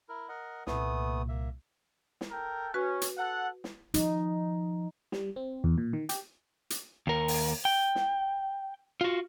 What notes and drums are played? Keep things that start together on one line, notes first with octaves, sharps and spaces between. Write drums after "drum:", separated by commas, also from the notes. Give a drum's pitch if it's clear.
E4 A#4
A#4 D#5 F#5
C2 A#2 A3 B3 D#6, drum: snare
A#3 E5
drum: snare
A4 A#4 G5
C#4 F#4 B4
drum: hi-hat
A4 F#5
drum: snare
F3 D#4, drum: hi-hat
G3, drum: snare
C4
E2
A#2
D#3
G4, drum: hi-hat
drum: hi-hat
D#2 A#4
drum: open hi-hat
G5
drum: snare
F4 F#4